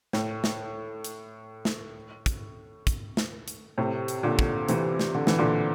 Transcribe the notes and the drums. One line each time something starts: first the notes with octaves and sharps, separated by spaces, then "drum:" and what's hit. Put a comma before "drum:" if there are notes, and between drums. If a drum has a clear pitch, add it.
A2, drum: snare
drum: snare
drum: hi-hat
drum: snare
drum: kick, hi-hat
drum: kick, hi-hat
drum: snare
drum: hi-hat
A2 C3
drum: hi-hat
A#2 D3
drum: kick
C3 E3, drum: hi-hat
drum: snare
D3
E3, drum: snare
A#2 D3